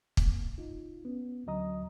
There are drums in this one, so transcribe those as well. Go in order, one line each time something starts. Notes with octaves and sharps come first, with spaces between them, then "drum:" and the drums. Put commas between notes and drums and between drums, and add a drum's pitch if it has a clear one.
C3 A#3, drum: kick
D#4 F4
B3 C#4
D2 D3 F#3 D#5 A#5 D#6